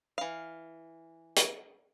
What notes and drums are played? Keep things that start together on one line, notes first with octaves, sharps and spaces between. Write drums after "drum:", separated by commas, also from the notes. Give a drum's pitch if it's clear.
E3 F5
drum: hi-hat